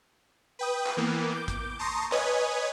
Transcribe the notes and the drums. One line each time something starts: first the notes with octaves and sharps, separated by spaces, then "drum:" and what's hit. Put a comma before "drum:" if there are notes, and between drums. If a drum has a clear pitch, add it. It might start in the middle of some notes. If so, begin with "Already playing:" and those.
B4 G5 D#6
drum: clap
E3 A#3 B3
D6 G6
drum: kick, hi-hat
A5 A#5 C6 C#6 D#6 A#6
B4 C#5 D#5 G#5 D#6 G#6, drum: clap